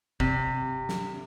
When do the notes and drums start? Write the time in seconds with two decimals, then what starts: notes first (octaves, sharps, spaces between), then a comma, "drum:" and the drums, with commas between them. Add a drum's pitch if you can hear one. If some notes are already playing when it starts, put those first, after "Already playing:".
0.20 C3, drum: kick
0.89 drum: snare